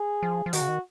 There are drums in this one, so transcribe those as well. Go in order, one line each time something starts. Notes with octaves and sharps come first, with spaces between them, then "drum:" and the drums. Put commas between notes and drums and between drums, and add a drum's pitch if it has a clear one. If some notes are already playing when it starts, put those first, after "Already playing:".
Already playing: G#4
F3
F3
D#3 F#4, drum: hi-hat
C#3
D#3